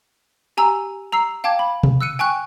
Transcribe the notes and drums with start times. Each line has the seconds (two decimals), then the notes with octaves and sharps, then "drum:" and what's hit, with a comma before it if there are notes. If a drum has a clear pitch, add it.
0.57 G4 G#5 A#5 E6
1.12 A#5 E6 C7
1.44 F5 G5 A5 D6 G#6
1.59 B5
1.83 drum: tom B2
2.01 E6 F#6 C#7 D#7
2.19 G5 G#5 C#6 F#6